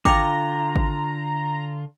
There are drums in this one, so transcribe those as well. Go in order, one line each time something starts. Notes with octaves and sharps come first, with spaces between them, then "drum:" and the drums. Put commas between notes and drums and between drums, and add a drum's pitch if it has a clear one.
D3 F4 G5 A#5 D6, drum: kick G#1
drum: kick G#1